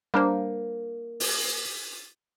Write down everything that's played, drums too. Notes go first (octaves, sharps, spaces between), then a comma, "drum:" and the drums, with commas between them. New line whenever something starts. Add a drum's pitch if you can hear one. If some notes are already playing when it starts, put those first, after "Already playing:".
G3 A#3 D4 C5
drum: open hi-hat